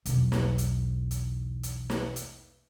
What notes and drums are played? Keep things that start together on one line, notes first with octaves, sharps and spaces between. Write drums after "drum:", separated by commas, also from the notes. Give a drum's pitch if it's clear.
B1 E2, drum: hi-hat
drum: snare
drum: hi-hat
drum: hi-hat
drum: hi-hat
drum: snare
drum: hi-hat